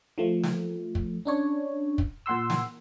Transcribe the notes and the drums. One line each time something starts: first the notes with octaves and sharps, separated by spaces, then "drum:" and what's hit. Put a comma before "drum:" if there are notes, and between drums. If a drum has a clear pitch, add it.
F3 A3
drum: snare
drum: kick
C#4 D4 C#5
drum: kick
A#2 F#5 C6 E6
drum: snare